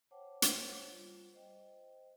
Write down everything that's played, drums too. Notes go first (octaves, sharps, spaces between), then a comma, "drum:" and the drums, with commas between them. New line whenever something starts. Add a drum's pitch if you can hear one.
C5 C#5 F#5 G5 A5 D6
drum: hi-hat
G3 F4
C5 D#5 G5